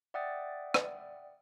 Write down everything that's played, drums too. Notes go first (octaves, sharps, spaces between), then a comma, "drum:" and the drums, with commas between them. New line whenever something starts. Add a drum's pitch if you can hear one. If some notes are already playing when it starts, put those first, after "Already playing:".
D5 E5 F#5 G5 D#6 A6
drum: rim click